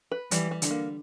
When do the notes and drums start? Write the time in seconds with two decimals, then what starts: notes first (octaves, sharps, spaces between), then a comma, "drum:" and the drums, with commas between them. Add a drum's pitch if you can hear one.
0.12 B4
0.31 E3 G3, drum: hi-hat
0.51 G3
0.62 D3, drum: hi-hat
0.71 A#3